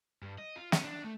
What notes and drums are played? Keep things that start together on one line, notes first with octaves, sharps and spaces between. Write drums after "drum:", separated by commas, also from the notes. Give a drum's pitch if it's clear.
G2
D#5
F4
C#4, drum: snare
D4
A3